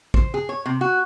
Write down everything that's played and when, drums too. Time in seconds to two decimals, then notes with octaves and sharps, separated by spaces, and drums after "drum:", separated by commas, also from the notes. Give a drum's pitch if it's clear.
0.14 C5, drum: kick
0.34 G#4
0.49 C#5
0.66 C3
0.81 F#4